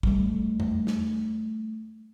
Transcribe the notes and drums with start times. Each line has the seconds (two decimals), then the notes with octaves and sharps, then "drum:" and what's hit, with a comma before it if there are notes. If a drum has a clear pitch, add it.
0.03 G3 A3, drum: kick
0.60 drum: tom E2
0.87 drum: snare